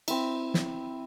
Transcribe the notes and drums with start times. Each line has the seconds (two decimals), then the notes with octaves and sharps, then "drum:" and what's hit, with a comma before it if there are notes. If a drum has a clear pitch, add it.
0.08 C4 E4, drum: cymbal
0.54 drum: snare